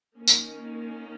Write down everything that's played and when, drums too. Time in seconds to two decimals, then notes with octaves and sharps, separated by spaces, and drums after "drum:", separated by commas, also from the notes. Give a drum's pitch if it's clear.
0.17 D#3 A#3 C#4
0.28 drum: tambourine